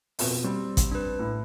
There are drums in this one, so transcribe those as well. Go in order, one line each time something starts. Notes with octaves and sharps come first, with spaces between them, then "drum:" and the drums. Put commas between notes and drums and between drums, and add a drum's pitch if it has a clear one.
F2 B2, drum: open hi-hat
G3 C4
drum: kick, hi-hat
D4 B4
A2